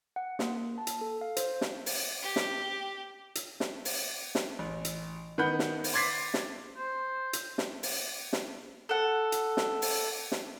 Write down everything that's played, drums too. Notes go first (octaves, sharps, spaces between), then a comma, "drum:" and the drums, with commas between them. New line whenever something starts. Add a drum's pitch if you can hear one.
F#5
A#3, drum: snare
A5
drum: hi-hat
A4
F5
C5, drum: hi-hat
drum: snare
drum: open hi-hat
G4
drum: snare
drum: hi-hat
drum: snare
drum: open hi-hat
drum: snare
A1
drum: hi-hat
D#3 B3 F#5 B5 G6
drum: snare
drum: open hi-hat
C6 D6 G#6 A6 B6 C7
drum: snare
C5
drum: hi-hat
drum: snare
drum: open hi-hat
drum: snare
A4 F#5
drum: hi-hat
drum: snare
drum: open hi-hat
drum: snare